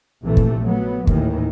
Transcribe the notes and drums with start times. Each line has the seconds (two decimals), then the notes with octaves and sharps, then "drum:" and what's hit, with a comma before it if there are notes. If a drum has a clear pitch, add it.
0.24 A#1 C3 E3 A3
0.37 drum: kick
0.62 F#3 B3
1.07 D#2 A2 D#3 E3, drum: kick